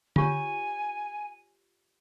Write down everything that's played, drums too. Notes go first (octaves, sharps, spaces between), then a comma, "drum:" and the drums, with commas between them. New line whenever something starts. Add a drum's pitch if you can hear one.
F4 G4 C#5 G#5, drum: tom